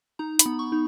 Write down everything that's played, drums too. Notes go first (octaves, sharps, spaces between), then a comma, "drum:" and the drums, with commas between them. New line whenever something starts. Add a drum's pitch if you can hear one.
D#4 A#5
B5, drum: hi-hat
B3
C#6
D#4